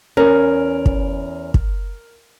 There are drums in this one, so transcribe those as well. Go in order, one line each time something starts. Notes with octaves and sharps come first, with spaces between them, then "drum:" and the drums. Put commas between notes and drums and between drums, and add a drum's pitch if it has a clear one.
E2 C#4 A#4
drum: kick
drum: kick